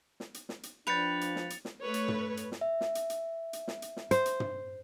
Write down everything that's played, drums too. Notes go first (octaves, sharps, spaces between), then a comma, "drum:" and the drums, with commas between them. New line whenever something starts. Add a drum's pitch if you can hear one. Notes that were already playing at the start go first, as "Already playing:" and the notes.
drum: snare
drum: hi-hat
drum: snare
drum: hi-hat
F3 D4 B4 G5 A6 C#7 F7
drum: hi-hat
drum: snare
drum: hi-hat
drum: snare
A3 B4 C#5
drum: hi-hat
drum: tom
drum: hi-hat
drum: snare
E5
drum: snare
drum: hi-hat
drum: hi-hat
drum: hi-hat
drum: snare
drum: hi-hat
drum: snare
C5, drum: hi-hat
drum: hi-hat
drum: tom